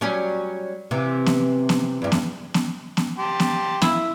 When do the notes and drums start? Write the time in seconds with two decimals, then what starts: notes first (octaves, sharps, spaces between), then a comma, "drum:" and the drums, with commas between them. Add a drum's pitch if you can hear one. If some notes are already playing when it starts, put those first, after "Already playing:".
0.01 F#3 G3 C#4
0.91 C3 E3
1.26 drum: snare B3
1.69 drum: snare B3
2.02 E2 G2
2.12 drum: snare B3
2.54 drum: snare B3
2.97 drum: snare B3
3.18 G4 A5 C6
3.40 drum: snare B3
3.82 E4, drum: snare B3